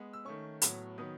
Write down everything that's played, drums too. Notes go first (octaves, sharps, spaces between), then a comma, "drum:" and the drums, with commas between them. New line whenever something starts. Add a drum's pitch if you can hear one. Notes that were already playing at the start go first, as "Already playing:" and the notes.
Already playing: G#3 B3
E6
D#3 A3 C#4 C#6
A2 F#3 B3, drum: hi-hat
D#3 F#3 B3 D#6